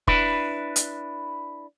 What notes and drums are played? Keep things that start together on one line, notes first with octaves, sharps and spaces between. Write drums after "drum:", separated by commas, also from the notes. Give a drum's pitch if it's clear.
D4 E4 B4, drum: kick
drum: hi-hat